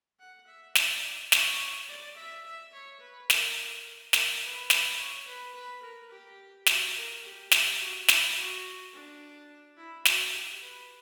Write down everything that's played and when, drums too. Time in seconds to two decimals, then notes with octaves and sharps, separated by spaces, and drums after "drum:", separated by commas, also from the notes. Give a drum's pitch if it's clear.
0.20 F#5
0.47 E5
0.75 D5, drum: snare
1.32 C#5, drum: snare
1.88 D5
2.17 E5
2.45 E5
2.73 C#5
3.00 B4
3.30 A#4, drum: snare
4.13 A#4, drum: snare
4.42 B4
4.70 drum: snare
4.97 C#5
5.26 B4
5.54 B4
5.83 A#4
6.11 G4
6.66 F#4, drum: snare
6.95 A#4
7.24 G4
7.51 drum: snare
7.79 F#4
8.08 E4, drum: snare
8.35 F#4
8.93 D4
9.77 E4
10.05 F#4, drum: snare
10.34 G4
10.61 B4